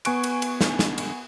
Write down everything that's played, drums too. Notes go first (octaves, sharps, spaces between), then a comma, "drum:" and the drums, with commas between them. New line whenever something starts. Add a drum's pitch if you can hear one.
B3 G#5 C#6 F#6 D7, drum: cymbal
drum: cymbal
drum: cymbal
drum: snare
drum: snare
drum: cymbal